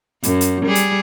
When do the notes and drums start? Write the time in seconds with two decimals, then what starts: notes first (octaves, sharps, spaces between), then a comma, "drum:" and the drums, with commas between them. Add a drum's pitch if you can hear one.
0.23 F#2, drum: hi-hat
0.41 drum: hi-hat
0.66 G3 G#4
0.75 drum: hi-hat